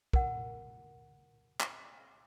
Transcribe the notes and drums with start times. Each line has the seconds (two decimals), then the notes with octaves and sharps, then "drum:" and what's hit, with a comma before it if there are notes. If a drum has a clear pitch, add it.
0.13 A#4 F#5, drum: kick
1.60 drum: clap